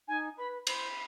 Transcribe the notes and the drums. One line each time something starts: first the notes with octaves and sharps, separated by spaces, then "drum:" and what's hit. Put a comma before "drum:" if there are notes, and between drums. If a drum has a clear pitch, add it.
D#4 G#5
B4 B5
C5 B5, drum: cymbal